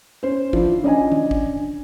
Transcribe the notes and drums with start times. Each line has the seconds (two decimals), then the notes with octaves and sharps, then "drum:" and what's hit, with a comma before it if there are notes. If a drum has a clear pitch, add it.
0.23 C#4 C5
0.53 F3 D4 E4, drum: kick
0.84 C#4 D4 D5 D#5 G#5
1.12 drum: tom D#3
1.31 drum: kick